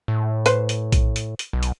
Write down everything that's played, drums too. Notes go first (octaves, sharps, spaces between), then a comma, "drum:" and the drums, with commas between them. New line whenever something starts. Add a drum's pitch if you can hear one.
A2
B4 C5, drum: hi-hat
drum: hi-hat
drum: kick A#1, hi-hat
drum: hi-hat
drum: hi-hat
B1
drum: hi-hat